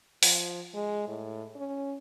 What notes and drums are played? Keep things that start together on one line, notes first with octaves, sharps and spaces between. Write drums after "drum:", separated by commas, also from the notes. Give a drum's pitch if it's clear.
F3, drum: open hi-hat
G#3
A2
C#4